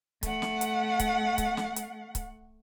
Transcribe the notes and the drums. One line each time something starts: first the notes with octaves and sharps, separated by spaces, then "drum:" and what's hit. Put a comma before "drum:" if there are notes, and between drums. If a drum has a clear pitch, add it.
A3 F#5, drum: kick C#1, hi-hat
drum: snare
drum: hi-hat
drum: kick C#1, hi-hat
drum: kick C#1, hi-hat
drum: snare
drum: hi-hat
drum: kick C#1, hi-hat